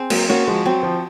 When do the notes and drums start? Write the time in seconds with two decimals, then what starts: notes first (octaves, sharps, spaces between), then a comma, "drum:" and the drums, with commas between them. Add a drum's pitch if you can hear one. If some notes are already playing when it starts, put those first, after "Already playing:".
Already playing: C4 G#4
0.10 F#3 A#3, drum: cymbal
0.29 A#3 C#4 F#4
0.48 F3 G#3
0.65 F#3 C4
0.83 F3